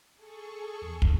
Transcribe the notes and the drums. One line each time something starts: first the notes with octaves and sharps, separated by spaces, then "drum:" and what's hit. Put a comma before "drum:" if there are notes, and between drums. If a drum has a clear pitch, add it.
G#4 A4 C#6
E2
drum: kick